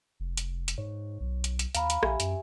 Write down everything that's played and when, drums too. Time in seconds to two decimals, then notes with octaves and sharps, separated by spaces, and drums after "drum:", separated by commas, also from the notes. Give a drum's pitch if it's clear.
0.20 F1
0.37 drum: hi-hat
0.68 drum: hi-hat
0.78 G#2 C#5
1.21 B1
1.44 drum: hi-hat
1.59 drum: hi-hat
1.75 D#2 F5 A#5 B5, drum: hi-hat
1.90 drum: hi-hat
2.03 A#1 G4 E5 G#5, drum: rim click
2.20 F#2, drum: hi-hat